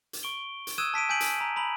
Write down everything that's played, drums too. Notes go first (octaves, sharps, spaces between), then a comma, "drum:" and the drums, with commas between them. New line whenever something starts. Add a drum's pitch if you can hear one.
drum: hi-hat
C#6 D7 G7
drum: hi-hat
D#6 E6 F#6 G#6 D#7 E7
A5 B6 D7 D#7
G#5 G6 B6 D7 F#7
drum: hi-hat
A#5
A#5 B5 F#7